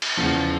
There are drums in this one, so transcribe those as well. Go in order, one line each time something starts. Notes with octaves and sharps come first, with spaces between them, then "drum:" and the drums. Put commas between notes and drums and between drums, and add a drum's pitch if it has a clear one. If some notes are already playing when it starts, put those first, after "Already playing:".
drum: cymbal
E2 C#3 F3